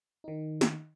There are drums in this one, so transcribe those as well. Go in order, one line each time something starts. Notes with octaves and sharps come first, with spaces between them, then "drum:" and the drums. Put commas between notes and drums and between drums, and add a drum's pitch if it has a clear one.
D#3 D#4
drum: snare